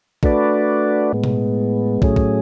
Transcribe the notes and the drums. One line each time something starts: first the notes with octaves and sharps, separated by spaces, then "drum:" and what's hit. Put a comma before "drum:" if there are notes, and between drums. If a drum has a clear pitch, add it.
A3 D4 F#4 B4 D5, drum: kick
A2 G#3 B3
drum: tom B2
A2 F#3 A3 C#4 G#4, drum: kick
drum: kick